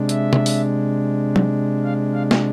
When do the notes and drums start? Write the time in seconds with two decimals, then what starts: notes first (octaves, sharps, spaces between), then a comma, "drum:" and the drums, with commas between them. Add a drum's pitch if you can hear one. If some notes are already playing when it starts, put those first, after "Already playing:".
Already playing: C3 G#3 D4
0.09 E5, drum: hi-hat
0.33 drum: tom
0.46 drum: open hi-hat
1.36 drum: tom F#3
1.84 F5
2.14 F5
2.31 drum: snare